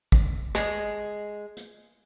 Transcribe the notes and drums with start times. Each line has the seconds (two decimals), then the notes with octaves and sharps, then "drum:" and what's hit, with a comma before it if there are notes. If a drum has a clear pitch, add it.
0.12 drum: kick
0.55 G#3, drum: rim click
1.57 drum: hi-hat